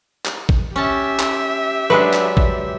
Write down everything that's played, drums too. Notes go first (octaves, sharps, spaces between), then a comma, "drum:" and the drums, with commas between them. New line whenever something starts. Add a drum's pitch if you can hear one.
drum: clap
drum: kick
C#4 G4 E5 A5
drum: clap
F#3 G#3 D4 B4
drum: clap
drum: kick